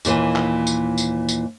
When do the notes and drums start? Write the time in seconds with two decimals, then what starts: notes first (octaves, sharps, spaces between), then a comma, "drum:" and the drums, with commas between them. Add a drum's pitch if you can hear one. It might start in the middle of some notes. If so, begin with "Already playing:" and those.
0.05 D#2 A#2 D#3 E3, drum: tambourine
0.36 drum: clap
0.67 drum: tambourine
0.98 drum: tambourine
1.29 drum: tambourine